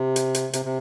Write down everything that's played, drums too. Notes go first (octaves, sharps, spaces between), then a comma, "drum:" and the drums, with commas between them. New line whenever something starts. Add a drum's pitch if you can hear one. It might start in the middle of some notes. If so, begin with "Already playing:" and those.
Already playing: C3
drum: hi-hat
drum: hi-hat
C3, drum: hi-hat
C3